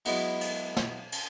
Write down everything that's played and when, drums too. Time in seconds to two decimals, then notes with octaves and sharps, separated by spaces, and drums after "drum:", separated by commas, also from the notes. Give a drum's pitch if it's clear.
0.05 F#3 G#3 B3 E4, drum: cymbal
0.41 drum: cymbal
0.77 drum: snare
1.12 drum: cymbal